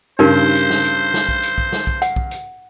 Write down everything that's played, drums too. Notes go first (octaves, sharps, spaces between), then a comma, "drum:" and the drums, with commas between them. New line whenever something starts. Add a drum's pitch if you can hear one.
G2 C#3 D#4 G4 A#4 C5
drum: hi-hat
drum: snare
drum: hi-hat
drum: snare
drum: kick B1
drum: hi-hat
drum: kick B1
drum: snare
drum: kick B1
F#5, drum: hi-hat
drum: kick B1
drum: hi-hat